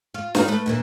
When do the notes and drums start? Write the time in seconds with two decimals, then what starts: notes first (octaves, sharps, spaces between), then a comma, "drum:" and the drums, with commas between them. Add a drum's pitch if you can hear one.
0.14 F4
0.35 D#4 F5, drum: snare
0.48 A3 B4
0.66 D2 A#2 E3